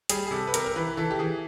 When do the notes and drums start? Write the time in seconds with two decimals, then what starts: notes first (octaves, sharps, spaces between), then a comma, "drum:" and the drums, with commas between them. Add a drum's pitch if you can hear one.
0.09 G3 G#4, drum: hi-hat
0.27 G#4
0.31 C3 A4
0.47 B4
0.54 C3 A#4, drum: hi-hat
0.66 A#4
0.76 E3 B4
0.97 E3 A4
1.10 G4
1.19 E3 G#4